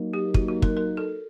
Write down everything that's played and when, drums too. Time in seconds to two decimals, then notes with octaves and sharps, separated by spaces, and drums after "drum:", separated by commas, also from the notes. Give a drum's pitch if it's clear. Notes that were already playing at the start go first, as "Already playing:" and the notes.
Already playing: F#3 A#3 D#4
0.14 G4
0.34 F#4, drum: kick
0.48 F#4
0.62 A#4, drum: kick
0.77 A#4
0.97 A4